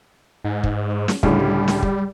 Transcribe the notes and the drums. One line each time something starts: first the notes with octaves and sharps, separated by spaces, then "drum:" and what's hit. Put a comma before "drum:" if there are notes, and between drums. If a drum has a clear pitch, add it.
G#2
drum: kick
drum: snare
C#2 A2 D3 G3, drum: kick
drum: snare
drum: kick